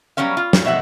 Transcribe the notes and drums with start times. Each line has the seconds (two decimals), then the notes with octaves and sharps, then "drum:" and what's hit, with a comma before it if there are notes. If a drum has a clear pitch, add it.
0.17 F#3 G3 B3 C#4 F5
0.37 F4
0.53 drum: snare
0.65 B2 E5 F#5